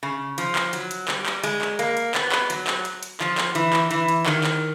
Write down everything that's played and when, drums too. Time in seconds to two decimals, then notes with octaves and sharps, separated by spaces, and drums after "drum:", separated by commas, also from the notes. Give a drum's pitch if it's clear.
0.03 C#3
0.38 F3, drum: hi-hat
0.56 drum: clap
0.73 F#3, drum: hi-hat
0.91 drum: hi-hat
1.08 G3, drum: clap
1.26 drum: clap
1.43 G#3, drum: hi-hat
1.61 drum: clap
1.79 A#3, drum: hi-hat
1.97 drum: hi-hat
2.15 B3, drum: clap
2.32 drum: clap
2.50 F#3, drum: hi-hat
2.67 drum: clap
2.85 drum: hi-hat
3.03 drum: hi-hat
3.20 F3, drum: clap
3.38 drum: clap
3.55 E3, drum: hi-hat
3.73 drum: clap
3.91 E3, drum: hi-hat
4.08 drum: hi-hat
4.26 D#3, drum: clap
4.44 drum: clap